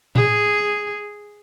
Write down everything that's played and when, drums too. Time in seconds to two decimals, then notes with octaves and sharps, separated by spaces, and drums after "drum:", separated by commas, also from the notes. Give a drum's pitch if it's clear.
0.15 G#4, drum: tom A2